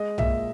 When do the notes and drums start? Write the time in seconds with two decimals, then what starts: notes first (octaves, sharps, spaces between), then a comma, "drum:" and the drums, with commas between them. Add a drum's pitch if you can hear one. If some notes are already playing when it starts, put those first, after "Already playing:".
Already playing: G#3 D#5
0.18 A#2 E5, drum: tom B1